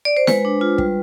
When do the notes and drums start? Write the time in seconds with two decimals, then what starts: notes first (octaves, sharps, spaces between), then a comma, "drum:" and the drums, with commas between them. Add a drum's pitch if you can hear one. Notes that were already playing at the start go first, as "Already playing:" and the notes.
0.05 D5
0.17 C5
0.27 G#3 B4, drum: snare
0.45 D4
0.61 F4
0.78 G3, drum: kick